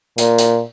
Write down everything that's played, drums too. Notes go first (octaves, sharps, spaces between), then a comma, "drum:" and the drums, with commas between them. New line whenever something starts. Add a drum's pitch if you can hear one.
A#2, drum: hi-hat
drum: hi-hat